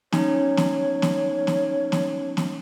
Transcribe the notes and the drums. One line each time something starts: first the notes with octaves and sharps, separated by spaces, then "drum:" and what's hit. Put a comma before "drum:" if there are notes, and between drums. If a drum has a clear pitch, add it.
C#4 D#4 C#5, drum: snare
drum: snare
drum: snare
drum: snare
drum: snare
drum: snare